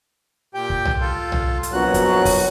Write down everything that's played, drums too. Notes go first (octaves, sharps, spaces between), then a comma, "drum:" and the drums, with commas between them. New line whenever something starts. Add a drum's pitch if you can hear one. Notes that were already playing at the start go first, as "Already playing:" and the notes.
A#2 G4 G5
drum: kick
drum: tom B1
F4 A4
drum: tom B1
drum: hi-hat
A#1 B2 F#3 F#4 F#6
drum: kick, hi-hat
drum: kick, open hi-hat